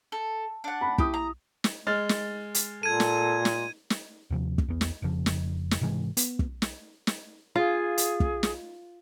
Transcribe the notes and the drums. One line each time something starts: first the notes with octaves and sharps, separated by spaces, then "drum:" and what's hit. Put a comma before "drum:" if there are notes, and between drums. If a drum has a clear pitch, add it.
A4
D4 F#5
B5
E4 G4 D#6, drum: kick
A#5
drum: snare
G#3 F6 A6
drum: snare
drum: hi-hat
A#2 A4 G#6 D#7
drum: snare
drum: snare
drum: snare
D#2 C3 F3
drum: kick
E2 B3
drum: snare
F1 F2 C#3 F3
drum: snare
drum: snare
G#2 C3 E3 G#3
B3, drum: hi-hat
drum: kick
drum: snare
drum: snare
F4 G#4
drum: hi-hat
drum: kick
drum: snare